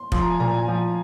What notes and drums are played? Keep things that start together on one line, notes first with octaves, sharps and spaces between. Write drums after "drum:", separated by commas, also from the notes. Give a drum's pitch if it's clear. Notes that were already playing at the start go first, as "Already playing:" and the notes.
Already playing: C6
F3 C6, drum: kick
A#5
G#5
A#2 A#5
G#5
F3